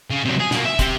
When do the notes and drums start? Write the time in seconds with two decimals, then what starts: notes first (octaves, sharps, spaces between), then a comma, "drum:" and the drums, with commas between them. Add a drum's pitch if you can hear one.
0.11 C#3
0.25 C3 F#3
0.40 G#4
0.51 B2 A#3, drum: snare
0.65 E5
0.79 C4 G4, drum: kick, hi-hat